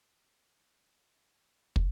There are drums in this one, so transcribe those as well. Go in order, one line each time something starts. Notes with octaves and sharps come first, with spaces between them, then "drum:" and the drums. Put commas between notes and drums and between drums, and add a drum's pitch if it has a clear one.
F3
B3
B5
C5
D4
drum: kick